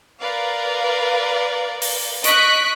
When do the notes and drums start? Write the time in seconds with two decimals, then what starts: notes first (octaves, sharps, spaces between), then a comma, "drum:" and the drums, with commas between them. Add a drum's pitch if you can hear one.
0.20 A#4 B4 D5 F5
1.82 drum: open hi-hat
2.24 D#5 C#6 F#6 B6 D7, drum: hi-hat